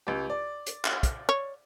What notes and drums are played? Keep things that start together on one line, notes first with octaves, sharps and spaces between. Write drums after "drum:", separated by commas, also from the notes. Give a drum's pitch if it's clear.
C#2 G4
D5
drum: hi-hat
drum: clap
drum: kick, hi-hat
C#5